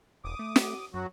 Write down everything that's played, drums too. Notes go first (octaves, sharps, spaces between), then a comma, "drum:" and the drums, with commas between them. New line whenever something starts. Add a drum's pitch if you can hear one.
E1 D6 D#6
A3
drum: snare
F#2 F#3 F#4